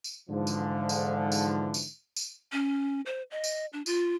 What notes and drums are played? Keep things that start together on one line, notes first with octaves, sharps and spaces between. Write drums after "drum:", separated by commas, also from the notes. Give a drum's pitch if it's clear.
drum: tambourine
G#2 D3 E3 F3
drum: tambourine
drum: tambourine
drum: tambourine
drum: tambourine
drum: tambourine
C#4
C5
D#5
drum: tambourine
D4
F4, drum: tambourine